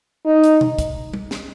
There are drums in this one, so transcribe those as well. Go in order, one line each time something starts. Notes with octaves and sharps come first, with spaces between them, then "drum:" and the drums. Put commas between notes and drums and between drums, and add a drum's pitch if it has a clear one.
D#4
drum: hi-hat
drum: tom B2
drum: kick, hi-hat
drum: tom G3
drum: snare